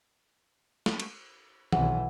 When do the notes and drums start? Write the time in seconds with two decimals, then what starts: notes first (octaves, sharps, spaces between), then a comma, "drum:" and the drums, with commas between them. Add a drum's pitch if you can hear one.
0.86 drum: snare
1.00 drum: cymbal
1.72 B1 E3 F#5, drum: tom D#3